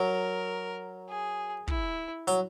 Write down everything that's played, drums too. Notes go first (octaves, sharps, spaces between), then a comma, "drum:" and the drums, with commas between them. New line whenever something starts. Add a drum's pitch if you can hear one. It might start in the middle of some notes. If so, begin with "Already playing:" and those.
Already playing: F#3 A#4
G#4
E4, drum: kick
F#3, drum: hi-hat